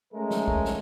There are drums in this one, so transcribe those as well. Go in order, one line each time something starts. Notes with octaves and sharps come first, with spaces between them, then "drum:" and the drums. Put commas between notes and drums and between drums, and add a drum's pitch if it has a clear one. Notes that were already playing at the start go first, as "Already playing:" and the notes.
G#3 A3 C#4 A#4
drum: snare
drum: kick
drum: snare